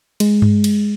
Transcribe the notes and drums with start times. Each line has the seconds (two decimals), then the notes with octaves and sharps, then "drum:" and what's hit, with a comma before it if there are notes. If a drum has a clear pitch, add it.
0.20 G#3, drum: cymbal
0.42 drum: tom G2
0.64 drum: cymbal